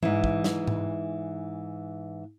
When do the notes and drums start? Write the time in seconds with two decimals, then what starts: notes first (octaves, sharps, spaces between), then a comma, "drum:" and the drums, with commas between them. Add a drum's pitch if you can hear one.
0.03 G#2 E3, drum: tom E3
0.24 drum: kick
0.44 drum: snare
0.67 drum: tom G#2